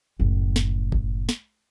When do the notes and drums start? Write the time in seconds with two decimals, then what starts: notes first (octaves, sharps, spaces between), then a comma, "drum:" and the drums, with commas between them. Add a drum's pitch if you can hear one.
0.20 F#1 A2
0.56 drum: snare
0.92 drum: kick G#1
1.29 drum: snare